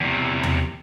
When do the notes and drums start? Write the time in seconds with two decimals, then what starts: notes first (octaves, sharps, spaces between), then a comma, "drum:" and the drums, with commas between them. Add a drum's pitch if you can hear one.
0.01 E2 C3
0.43 drum: tom